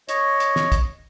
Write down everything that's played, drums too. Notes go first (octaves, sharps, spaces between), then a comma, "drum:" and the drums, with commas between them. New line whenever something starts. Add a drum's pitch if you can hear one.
C#5 D#5, drum: hi-hat
drum: hi-hat
drum: snare
drum: kick, hi-hat